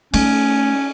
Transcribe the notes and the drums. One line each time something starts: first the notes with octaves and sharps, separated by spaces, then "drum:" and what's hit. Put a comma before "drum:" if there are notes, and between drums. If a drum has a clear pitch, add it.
A3 C#4, drum: cymbal